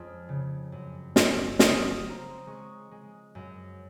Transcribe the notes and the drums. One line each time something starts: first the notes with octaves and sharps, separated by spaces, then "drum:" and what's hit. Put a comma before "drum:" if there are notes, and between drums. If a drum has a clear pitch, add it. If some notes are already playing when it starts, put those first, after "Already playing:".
Already playing: F2 G#3 C#4 D#6 F6
C#3
F#2
F#2, drum: snare
F#3 D#6, drum: snare
F6
D#6
D#6
C4
A#5
C6
G#3 C#6
G#3
F#2